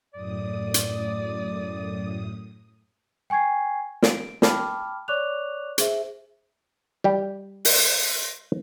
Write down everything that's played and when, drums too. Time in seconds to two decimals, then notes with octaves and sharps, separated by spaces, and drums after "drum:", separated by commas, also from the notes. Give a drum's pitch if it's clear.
0.14 F#2 A2 D5 D#6
0.74 drum: hi-hat
3.30 G5 G#5 C#6 G#6 C7
4.02 D7, drum: snare
4.42 G5 A5 B5 D6 F6, drum: snare
5.08 C#5 D5 C#6 D6 F#6 F7
5.78 G#4 C5 E5, drum: hi-hat
7.04 G3 G4
7.65 drum: open hi-hat